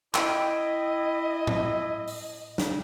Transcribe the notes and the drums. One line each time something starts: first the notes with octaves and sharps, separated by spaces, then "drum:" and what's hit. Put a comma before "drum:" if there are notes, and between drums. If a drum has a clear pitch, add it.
E4 D#5 G5 E6, drum: clap
drum: tom A2
drum: open hi-hat
drum: snare